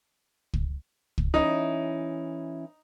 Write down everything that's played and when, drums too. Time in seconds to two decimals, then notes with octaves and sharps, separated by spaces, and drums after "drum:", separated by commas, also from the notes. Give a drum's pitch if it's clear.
0.54 drum: kick
1.18 drum: kick
1.34 E3 C#4 D#4 E4